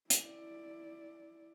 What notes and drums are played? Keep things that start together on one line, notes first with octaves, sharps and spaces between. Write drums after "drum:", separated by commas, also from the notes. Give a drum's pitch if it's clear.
E4 D5, drum: hi-hat